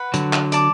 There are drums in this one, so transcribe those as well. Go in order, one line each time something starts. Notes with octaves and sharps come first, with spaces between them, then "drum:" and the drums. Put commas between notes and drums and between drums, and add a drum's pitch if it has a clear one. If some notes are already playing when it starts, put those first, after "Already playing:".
Already playing: B4 F#5
D3 F#3, drum: hi-hat
drum: clap
D5 A5 D6, drum: hi-hat